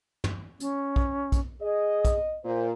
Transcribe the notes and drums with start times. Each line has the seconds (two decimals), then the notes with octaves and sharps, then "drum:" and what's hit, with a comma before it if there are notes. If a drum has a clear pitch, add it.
0.24 drum: tom
0.60 C#4, drum: hi-hat
0.96 drum: kick
1.32 drum: kick, hi-hat
1.61 G#4 D#5
2.05 drum: kick, hi-hat
2.44 A#2 C5